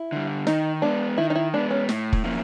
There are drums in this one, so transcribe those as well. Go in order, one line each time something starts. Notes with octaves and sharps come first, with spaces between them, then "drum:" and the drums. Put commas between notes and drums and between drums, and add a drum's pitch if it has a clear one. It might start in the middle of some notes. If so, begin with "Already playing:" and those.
Already playing: E4
D3 G3
D#3 D#4, drum: snare
G#3 B3 D4
D#3 E4
D#4
E4
G#3 B3 D4
C#4
A2, drum: snare
drum: kick
F3 A#3 C#4 E4